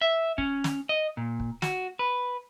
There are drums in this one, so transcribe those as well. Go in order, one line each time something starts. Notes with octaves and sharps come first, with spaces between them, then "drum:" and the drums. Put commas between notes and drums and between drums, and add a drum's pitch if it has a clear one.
E5
C#4, drum: kick
drum: snare
D#5
A#2
drum: kick
F#4, drum: snare
B4